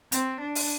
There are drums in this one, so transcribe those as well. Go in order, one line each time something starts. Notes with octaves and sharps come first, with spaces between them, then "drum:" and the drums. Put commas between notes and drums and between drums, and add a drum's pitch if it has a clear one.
C4, drum: hi-hat
D4
drum: open hi-hat